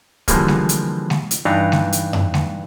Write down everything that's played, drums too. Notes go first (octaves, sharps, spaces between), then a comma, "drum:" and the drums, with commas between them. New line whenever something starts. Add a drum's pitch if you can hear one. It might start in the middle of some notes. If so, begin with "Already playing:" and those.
D3 E3 F3 G3 G#3 A#3, drum: kick, hi-hat
drum: snare G#3
drum: hi-hat
drum: snare G#3
drum: hi-hat
G2 E3 D4 D#4 A#5
drum: snare G#3
drum: hi-hat
drum: tom F2
drum: snare G#3